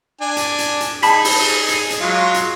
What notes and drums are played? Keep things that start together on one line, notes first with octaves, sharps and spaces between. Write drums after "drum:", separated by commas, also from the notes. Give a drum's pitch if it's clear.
D4 G#5
drum: hi-hat
drum: hi-hat
drum: hi-hat
D#4 G#4 A5 B5 B6, drum: hi-hat
drum: open hi-hat
drum: hi-hat
drum: hi-hat
F#3 G#3 F4
drum: hi-hat